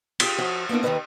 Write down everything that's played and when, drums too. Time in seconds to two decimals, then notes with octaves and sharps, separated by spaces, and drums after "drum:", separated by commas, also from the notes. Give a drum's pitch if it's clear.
0.20 F4 G4 G#4, drum: cymbal
0.38 F3 F#4 C#5 E5
0.69 A#3 B3 D4 E4 A#4
0.83 D#2 D#3 A#3 A4 B4 D#5